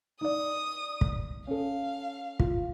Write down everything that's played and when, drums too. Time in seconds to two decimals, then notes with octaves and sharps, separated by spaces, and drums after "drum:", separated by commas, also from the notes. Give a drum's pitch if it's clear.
0.21 D#4 D5 D#6
1.01 drum: kick
1.47 C#4 A4 F5
2.40 F4, drum: kick